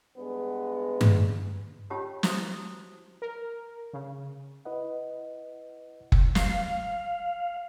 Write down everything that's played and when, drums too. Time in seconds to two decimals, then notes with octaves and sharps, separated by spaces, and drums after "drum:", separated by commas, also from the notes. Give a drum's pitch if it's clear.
0.17 G2 G#3 B3
1.01 drum: tom G2
1.90 C#4 F4 G4 C#5 A5
2.23 E4 F#4 C5 A#5 D#6, drum: snare
3.22 A#4
3.93 C#3
4.65 E4 B4 D#5 F#5
6.12 drum: kick
6.35 F5, drum: snare